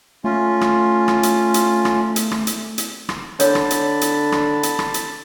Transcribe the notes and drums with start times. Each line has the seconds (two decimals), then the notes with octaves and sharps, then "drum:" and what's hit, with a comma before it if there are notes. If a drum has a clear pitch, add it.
0.24 A3 C#4 F4
0.61 drum: rim click
1.08 drum: rim click
1.23 drum: hi-hat
1.54 drum: hi-hat
1.85 drum: rim click
2.16 drum: hi-hat
2.31 drum: rim click
2.47 drum: hi-hat
2.78 drum: hi-hat
3.09 drum: rim click
3.40 D3 C#5 A5 B5, drum: hi-hat
3.55 drum: rim click
3.70 drum: hi-hat
4.01 drum: hi-hat
4.32 drum: rim click
4.63 drum: hi-hat
4.79 drum: rim click
4.94 drum: hi-hat